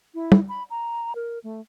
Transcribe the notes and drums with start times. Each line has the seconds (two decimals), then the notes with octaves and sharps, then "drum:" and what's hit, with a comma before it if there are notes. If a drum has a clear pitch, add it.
0.15 E4
0.32 drum: tom
0.49 B5
0.70 A#5
1.15 A#4
1.44 A3